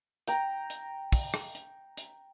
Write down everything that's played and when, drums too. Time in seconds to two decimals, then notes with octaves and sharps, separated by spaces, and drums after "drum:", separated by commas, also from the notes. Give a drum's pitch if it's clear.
0.28 G5 A#5, drum: hi-hat
0.70 drum: hi-hat
1.12 drum: kick, open hi-hat
1.34 drum: rim click
1.55 drum: hi-hat
1.97 drum: hi-hat